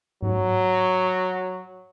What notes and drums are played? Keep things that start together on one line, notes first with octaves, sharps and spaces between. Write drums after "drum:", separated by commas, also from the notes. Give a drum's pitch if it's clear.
F#3, drum: tom G#2